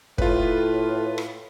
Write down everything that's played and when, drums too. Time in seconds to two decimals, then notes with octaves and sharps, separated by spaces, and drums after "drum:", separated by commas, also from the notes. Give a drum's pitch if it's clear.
0.18 A2 F4 B4, drum: kick
1.18 drum: rim click